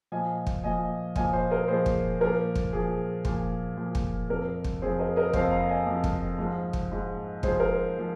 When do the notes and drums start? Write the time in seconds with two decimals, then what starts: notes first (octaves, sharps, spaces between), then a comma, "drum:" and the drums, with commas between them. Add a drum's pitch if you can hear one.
0.12 A#2 F3 D#5 G#5
0.47 drum: kick
0.63 A#2 F3 D#5 G#5
1.16 A#2 F3 D#5 G#5, drum: kick
1.33 C5 F5
1.51 A#4 D#5
1.68 A#2 F3 G#4 C5
1.86 drum: kick
2.20 A#2 F3 A#4
2.55 drum: kick
2.72 A#2 F3 G#4
3.25 A#2 F3, drum: kick
3.77 A#2 F3
3.95 drum: kick
4.29 F2 F3 A#4
4.64 drum: kick
4.82 F2 F3 G#4 C5
4.99 A#4 D#5
5.16 A#4 D#5
5.33 F2 F3 C5 F5, drum: kick
5.51 F5 A#5
5.69 D#5 G#5
5.86 F2 F3
6.04 drum: kick
6.38 G#2 F3
6.73 drum: kick
6.91 G#2 F3
7.43 G#2 F3 G#4 C5, drum: kick
7.60 A#4
7.99 F3